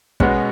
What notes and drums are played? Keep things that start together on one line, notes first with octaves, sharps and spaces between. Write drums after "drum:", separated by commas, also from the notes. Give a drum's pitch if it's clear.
B2 G#3 B3 C#4 F#4, drum: kick